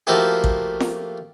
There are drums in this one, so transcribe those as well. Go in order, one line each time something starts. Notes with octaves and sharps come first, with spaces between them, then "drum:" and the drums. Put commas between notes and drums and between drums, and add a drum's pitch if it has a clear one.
F3 A3 A#3 E4 F#4 G4
drum: kick
drum: snare